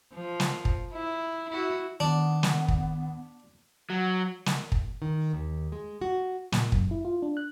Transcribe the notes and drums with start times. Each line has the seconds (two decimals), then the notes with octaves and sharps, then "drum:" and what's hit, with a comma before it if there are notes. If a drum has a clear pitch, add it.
0.14 F3
0.40 drum: snare
0.65 drum: kick
0.93 E4
1.49 E4 F#4
2.00 D#3 B3 D4
2.43 drum: snare
2.68 drum: kick
3.90 F#3
4.46 drum: snare
4.72 drum: kick
5.02 D#3
5.33 D#2
5.72 G#3
6.01 F#4
6.52 A#2, drum: snare
6.72 F#2, drum: kick
6.91 E4
7.05 F4
7.22 D4
7.37 F#6